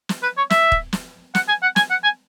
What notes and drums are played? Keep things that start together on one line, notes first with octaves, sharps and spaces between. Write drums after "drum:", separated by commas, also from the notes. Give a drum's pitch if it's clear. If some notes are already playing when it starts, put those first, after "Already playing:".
drum: snare
B4
C#5
E5, drum: snare
drum: kick
drum: snare
F#5, drum: snare
G#5
F#5
G#5, drum: snare
F#5
G#5